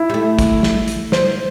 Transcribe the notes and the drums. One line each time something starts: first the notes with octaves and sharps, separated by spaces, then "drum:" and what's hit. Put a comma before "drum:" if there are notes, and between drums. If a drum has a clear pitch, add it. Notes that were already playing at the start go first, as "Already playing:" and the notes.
Already playing: E4
G3
A3
drum: kick, hi-hat
drum: snare
drum: hi-hat
C5, drum: snare